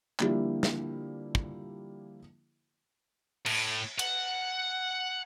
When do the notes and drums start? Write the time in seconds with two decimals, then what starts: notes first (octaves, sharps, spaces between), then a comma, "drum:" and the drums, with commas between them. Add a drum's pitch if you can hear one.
0.20 D3 F3 G3 A#3 E4 G4, drum: clap
0.63 drum: snare
1.35 drum: kick
3.46 A2, drum: cymbal
3.99 F#5, drum: cymbal